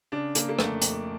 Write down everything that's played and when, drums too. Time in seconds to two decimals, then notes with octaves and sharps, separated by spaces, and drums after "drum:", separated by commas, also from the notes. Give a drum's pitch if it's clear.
0.12 C#3 D4
0.35 C#3 A#3, drum: hi-hat
0.49 A#3
0.59 F2 A3, drum: rim click
0.82 F2, drum: hi-hat